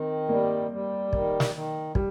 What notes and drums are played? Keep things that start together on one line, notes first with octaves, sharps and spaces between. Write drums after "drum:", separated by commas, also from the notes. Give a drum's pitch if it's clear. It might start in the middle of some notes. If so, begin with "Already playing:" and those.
Already playing: D#3 C4
G3 A#3
G3
D#3, drum: kick
drum: snare
D#3
G3, drum: kick